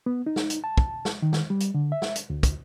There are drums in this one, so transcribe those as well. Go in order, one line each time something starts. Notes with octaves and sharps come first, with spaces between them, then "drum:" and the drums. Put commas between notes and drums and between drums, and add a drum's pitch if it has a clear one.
B3
D#4
drum: snare
drum: hi-hat
A5
drum: kick
drum: snare
D#3
drum: snare
G3
drum: hi-hat
D3
E5
drum: snare
drum: hi-hat
D2
drum: kick, hi-hat